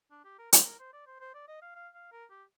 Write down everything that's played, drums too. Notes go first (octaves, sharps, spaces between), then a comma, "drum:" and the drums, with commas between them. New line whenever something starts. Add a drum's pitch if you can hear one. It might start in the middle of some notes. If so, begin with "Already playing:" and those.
D4
G4
A#4
C5, drum: hi-hat
A#4
C5
D5
C5
C5
D5
D#5
F5
F5
F5
A#4
G4